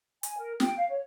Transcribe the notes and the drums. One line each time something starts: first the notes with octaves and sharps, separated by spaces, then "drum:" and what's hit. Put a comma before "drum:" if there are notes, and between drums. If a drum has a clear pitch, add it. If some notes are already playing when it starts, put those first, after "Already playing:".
G#5, drum: hi-hat
A#4
G5, drum: snare
F5
C#5